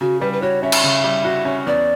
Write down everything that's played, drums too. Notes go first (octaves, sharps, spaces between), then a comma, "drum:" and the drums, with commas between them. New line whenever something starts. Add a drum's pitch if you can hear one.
C#3 F#4
G3 B4
B4
F#4 C#5
C#4 E5
drum: cymbal
C#3
G3
F#4
C#4
E2 D5